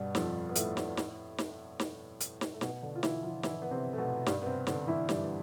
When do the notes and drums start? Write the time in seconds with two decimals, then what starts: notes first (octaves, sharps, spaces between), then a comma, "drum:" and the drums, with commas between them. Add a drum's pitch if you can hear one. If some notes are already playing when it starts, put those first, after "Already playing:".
Already playing: G2 B2 G3 B3
0.15 F2 F3, drum: snare
0.49 B3
0.56 A2 A3, drum: hi-hat
0.77 drum: snare
0.97 drum: snare
1.38 drum: snare
1.80 drum: snare
2.21 drum: hi-hat
2.41 drum: snare
2.54 A3
2.61 B2 B3, drum: snare
2.82 D3 D4
2.96 F4
3.03 E3 E4, drum: snare
3.23 F3 F4
3.43 E3 E4, drum: snare
3.62 B3
3.71 C3 C4
3.93 A3
3.98 B2 B3
4.26 G2 G3, drum: snare
4.42 B3
4.46 C3 C4
4.67 D3 D4, drum: snare
4.87 E3 E4
5.09 G2 G3, drum: snare